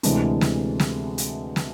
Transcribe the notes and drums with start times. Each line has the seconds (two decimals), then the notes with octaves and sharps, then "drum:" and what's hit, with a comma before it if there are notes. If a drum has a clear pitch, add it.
0.03 D2 C3 E3 G#3 D4, drum: hi-hat
0.41 drum: snare
0.80 drum: snare
1.18 drum: hi-hat
1.56 drum: snare